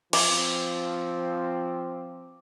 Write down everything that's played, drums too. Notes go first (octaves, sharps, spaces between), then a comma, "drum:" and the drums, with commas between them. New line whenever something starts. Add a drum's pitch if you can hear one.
F3 C4 D6, drum: cymbal